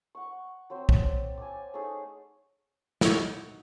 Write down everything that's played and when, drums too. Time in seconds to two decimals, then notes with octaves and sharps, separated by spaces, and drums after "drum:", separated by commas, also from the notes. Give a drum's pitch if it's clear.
0.15 F#5 C#6
0.70 F#3 C4 C5 C6
0.89 D5, drum: kick B1
1.38 G#5 A5 D6
1.74 A3 C#4 D#4 G#4
3.01 D#4 E4 F#4 C#5, drum: snare